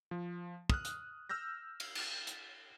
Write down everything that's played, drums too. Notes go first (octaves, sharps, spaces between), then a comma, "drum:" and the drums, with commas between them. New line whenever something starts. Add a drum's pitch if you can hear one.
F3
D#6 F6 F#6, drum: kick
drum: hi-hat
E6 F6 G6 A#6
drum: cymbal
drum: cymbal
drum: hi-hat